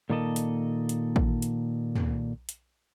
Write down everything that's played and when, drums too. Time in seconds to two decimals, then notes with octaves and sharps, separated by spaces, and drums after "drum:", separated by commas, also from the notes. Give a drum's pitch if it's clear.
0.10 A#2 D#3 A#3 A4 D#5 A5
0.36 drum: hi-hat
0.89 drum: hi-hat
1.16 drum: kick
1.42 drum: hi-hat
1.96 drum: tom
2.49 drum: hi-hat